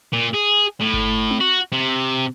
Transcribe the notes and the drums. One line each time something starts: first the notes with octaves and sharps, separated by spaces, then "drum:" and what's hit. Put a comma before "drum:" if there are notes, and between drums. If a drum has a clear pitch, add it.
A#2
G#4
A2
drum: kick G1
drum: tom C4
F#4
C3